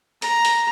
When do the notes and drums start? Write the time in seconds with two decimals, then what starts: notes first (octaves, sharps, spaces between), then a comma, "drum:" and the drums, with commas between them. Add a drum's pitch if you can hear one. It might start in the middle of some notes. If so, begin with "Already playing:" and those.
0.22 A#5, drum: hi-hat
0.45 drum: hi-hat